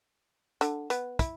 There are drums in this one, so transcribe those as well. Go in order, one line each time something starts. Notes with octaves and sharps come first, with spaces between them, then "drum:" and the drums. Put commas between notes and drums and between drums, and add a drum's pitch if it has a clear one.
D3, drum: hi-hat
B3, drum: hi-hat
E4, drum: kick, hi-hat